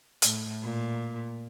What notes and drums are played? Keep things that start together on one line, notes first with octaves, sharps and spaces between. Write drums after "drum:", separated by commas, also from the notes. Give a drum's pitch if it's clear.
A2, drum: hi-hat
A#2